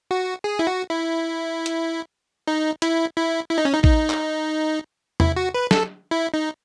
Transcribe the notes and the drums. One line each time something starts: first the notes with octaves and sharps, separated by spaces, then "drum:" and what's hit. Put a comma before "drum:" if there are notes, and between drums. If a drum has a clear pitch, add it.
F#4
G#4
E4
F#4
E4
drum: hi-hat
D#4
E4, drum: hi-hat
E4
E4
D#4
C#4
D#4
D#4, drum: kick A1
drum: clap
E4, drum: tom E2
F#4
B4
A4, drum: snare
E4
D#4